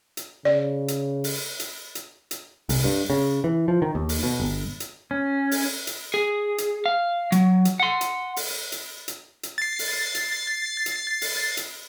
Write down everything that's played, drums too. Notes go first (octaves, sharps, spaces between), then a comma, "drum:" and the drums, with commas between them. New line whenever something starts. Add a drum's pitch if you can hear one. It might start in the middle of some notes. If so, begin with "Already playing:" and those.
drum: hi-hat
C#3 D5
drum: hi-hat
drum: open hi-hat
drum: hi-hat
drum: hi-hat
drum: hi-hat
C2, drum: open hi-hat
G2
C#3
E3
F3
D#3
D#2
drum: open hi-hat
B2
G1
drum: hi-hat
C#4
drum: open hi-hat
drum: hi-hat
G#4
drum: hi-hat
F5
F#3, drum: hi-hat
drum: hi-hat
F#5 C6
drum: hi-hat
drum: open hi-hat
drum: hi-hat
drum: hi-hat
drum: hi-hat
A6 C7
drum: open hi-hat
drum: hi-hat
drum: hi-hat
drum: open hi-hat
drum: hi-hat